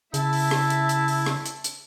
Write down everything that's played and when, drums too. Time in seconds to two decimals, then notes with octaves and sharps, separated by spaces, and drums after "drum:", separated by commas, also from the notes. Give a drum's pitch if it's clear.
0.14 C#3 E4 E5 A5, drum: hi-hat
0.32 drum: open hi-hat
0.51 drum: rim click
0.70 drum: hi-hat
0.89 drum: hi-hat
1.08 drum: open hi-hat
1.26 drum: rim click
1.45 drum: hi-hat
1.64 drum: hi-hat